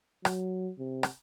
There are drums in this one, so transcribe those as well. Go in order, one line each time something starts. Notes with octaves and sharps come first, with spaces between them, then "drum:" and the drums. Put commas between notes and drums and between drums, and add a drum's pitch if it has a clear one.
F#3, drum: rim click
C3
drum: rim click